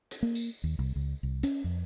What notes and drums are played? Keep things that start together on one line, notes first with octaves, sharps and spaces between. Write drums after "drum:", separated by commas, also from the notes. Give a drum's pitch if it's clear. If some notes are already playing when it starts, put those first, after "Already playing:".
drum: hi-hat
A#3
drum: tambourine
D#2
C2
C#2
C2
C#4, drum: hi-hat
F2